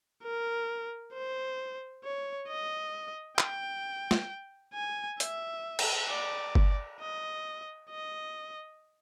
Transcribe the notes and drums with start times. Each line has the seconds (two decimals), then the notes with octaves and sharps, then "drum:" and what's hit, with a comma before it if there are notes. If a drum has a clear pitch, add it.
0.23 A#4
1.14 C5
2.04 C#5
2.48 D#5
3.38 G5, drum: clap
4.11 drum: snare
4.75 G#5
5.20 E5, drum: hi-hat
5.79 drum: cymbal
6.10 D5
6.55 drum: kick G1
7.01 D#5
7.91 D#5